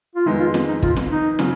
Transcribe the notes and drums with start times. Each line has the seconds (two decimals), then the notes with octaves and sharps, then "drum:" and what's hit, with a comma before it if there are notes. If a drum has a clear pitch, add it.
0.15 F4
0.26 F2 D#3 G#3 B3 D#4
0.40 F4
0.54 drum: snare
0.68 D#4
0.82 F4, drum: kick
0.97 drum: snare
1.11 D#4
1.39 C#3 F#3, drum: snare